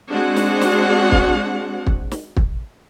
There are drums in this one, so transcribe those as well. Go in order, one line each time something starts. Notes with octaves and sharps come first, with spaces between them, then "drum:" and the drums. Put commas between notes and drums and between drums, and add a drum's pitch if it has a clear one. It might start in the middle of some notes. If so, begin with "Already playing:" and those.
G#3 C4 D4 F#4 F#5
drum: snare
drum: snare
drum: kick
drum: kick
drum: snare
drum: kick